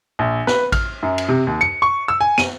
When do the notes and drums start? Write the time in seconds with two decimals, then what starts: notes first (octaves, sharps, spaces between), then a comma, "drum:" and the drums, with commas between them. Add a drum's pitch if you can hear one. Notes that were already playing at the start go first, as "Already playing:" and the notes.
0.19 A#1
0.47 B4, drum: snare
0.72 F6, drum: kick A1, cymbal
1.03 F#2
1.18 drum: cymbal
1.29 C3
1.47 D#2
1.61 C#7
1.82 C#6
2.08 E6
2.21 G#5
2.38 D#7, drum: snare